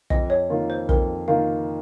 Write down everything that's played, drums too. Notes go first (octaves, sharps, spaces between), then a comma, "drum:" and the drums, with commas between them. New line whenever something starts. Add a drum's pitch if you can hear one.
F2 D#5, drum: kick
C#5
D#3 A#3 F4
C5
F2 A#4, drum: kick
D#3 A#3 F4 F5